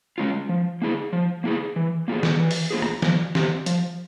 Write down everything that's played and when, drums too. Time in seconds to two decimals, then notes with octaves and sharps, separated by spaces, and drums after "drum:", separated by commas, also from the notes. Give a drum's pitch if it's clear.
0.18 G#3 C#4 F4
0.49 F3
0.82 A#3 E4 G#4
1.13 F3
1.44 A#3 E4 G#4
1.76 E3
2.08 A#3 F4 G#4
2.23 drum: snare
2.39 E3
2.51 drum: open hi-hat
2.71 A#3 F4 G#4
2.82 drum: rim click
3.02 F3, drum: snare
3.35 C4 G4, drum: snare
3.66 F3, drum: hi-hat